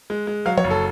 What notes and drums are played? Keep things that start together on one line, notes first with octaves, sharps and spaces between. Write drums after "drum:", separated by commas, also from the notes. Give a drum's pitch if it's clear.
G#3
G#3
F#3 F5
C#5, drum: tom F3
F#1
A4